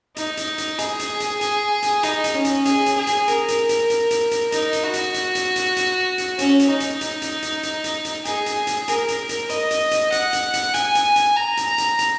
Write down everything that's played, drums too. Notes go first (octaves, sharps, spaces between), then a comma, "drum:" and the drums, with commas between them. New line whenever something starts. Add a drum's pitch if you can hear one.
D#4, drum: hi-hat
drum: hi-hat
drum: hi-hat
G#4, drum: hi-hat
drum: hi-hat
drum: hi-hat
G#4, drum: hi-hat
drum: hi-hat
D#4, drum: hi-hat
drum: hi-hat
C#4
drum: hi-hat
G#4, drum: hi-hat
drum: hi-hat
G#4
drum: hi-hat
A#4, drum: hi-hat
drum: hi-hat
drum: hi-hat
drum: hi-hat
drum: hi-hat
drum: hi-hat
D#4, drum: hi-hat
drum: hi-hat
F#4
drum: hi-hat
drum: hi-hat
drum: hi-hat
drum: hi-hat
drum: hi-hat
drum: hi-hat
C#4, drum: hi-hat
drum: hi-hat
D#4
drum: hi-hat
drum: hi-hat
drum: hi-hat
drum: hi-hat
drum: hi-hat
drum: hi-hat
drum: hi-hat
G#4, drum: hi-hat
drum: hi-hat
drum: hi-hat
A#4, drum: hi-hat
drum: hi-hat
drum: hi-hat
D#5, drum: hi-hat
drum: hi-hat
drum: hi-hat
F#5, drum: hi-hat
drum: hi-hat
drum: hi-hat
G#5, drum: hi-hat
drum: hi-hat
drum: hi-hat
A#5
drum: hi-hat
A#5
drum: hi-hat
drum: hi-hat